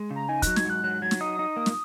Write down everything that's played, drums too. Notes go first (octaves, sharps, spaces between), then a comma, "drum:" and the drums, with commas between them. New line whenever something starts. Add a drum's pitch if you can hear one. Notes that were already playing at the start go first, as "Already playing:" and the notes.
Already playing: G#3
C#3
A#5
D#4 G#5
F#3 F#6, drum: kick, hi-hat
G#6, drum: snare
G#2 F#6
F#3 F#6
F#3 G#6
drum: snare
D#4 D#6
D#4
A#3
drum: snare